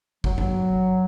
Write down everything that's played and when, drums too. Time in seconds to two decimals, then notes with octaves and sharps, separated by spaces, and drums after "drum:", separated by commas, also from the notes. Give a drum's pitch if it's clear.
0.24 F#3, drum: kick
0.38 F#3, drum: tom G2